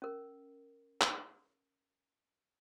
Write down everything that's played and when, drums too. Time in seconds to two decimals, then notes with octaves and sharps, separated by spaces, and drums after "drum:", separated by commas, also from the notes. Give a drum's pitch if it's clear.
0.02 C#4 A#4
1.01 drum: clap